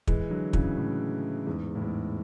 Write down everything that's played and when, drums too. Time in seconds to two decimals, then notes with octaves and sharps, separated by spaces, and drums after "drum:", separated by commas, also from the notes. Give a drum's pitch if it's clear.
0.07 E3 G#3, drum: kick
0.30 D3 F#3
0.53 C#3 E3, drum: kick
0.77 A2 C#3
1.46 E2 G#2
1.75 A2
1.82 E2 G#2